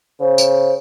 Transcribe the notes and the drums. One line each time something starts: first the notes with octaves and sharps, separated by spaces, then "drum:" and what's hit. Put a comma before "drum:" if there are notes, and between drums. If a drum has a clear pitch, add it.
C#3 C5
drum: tambourine